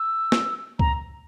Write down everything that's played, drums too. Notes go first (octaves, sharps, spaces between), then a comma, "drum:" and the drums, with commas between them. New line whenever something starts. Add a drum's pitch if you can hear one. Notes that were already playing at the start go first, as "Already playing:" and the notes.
Already playing: E6
drum: snare
A#5, drum: kick C#2